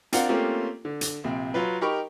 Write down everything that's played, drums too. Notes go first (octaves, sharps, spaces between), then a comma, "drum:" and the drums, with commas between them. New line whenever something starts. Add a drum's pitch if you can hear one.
C4 D4 F4 A#4 F5 F#5, drum: hi-hat
A3 A#3 C4 C#4 F4 G4
D3
drum: hi-hat
A#1 C3
F#3 F4 B4
D#4 G4 A#4 G5 B5 C#6